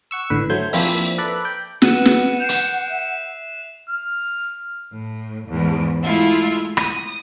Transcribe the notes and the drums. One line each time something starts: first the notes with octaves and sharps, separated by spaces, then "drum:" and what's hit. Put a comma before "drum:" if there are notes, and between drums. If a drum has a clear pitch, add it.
F#5 C#6 E6
G#1 A2 D3 B4
F#3 A3 C5 G6 G#6
F3 A#3 C4 D4 E4, drum: open hi-hat
A4 B4 D5 A#5 B5 F#6
G5
B4 F#5 F#6 D#7 E7, drum: snare
drum: snare
G6 C7 E7 F7
drum: hi-hat
E5
F6
A2
E2 G#2
G#3 A3 E4 F4 E5
D#6, drum: rim click